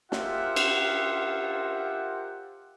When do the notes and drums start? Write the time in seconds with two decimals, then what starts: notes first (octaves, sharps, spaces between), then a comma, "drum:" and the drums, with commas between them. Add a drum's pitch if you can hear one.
0.12 F4 G4 A#4 C5 E5 F#5, drum: snare
0.56 drum: cymbal